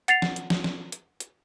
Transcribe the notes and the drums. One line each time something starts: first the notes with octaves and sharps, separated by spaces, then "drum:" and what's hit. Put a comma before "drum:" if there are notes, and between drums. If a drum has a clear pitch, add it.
F#5 A6 C7 F7, drum: hi-hat
drum: snare
drum: hi-hat
drum: snare
drum: snare
drum: hi-hat
drum: hi-hat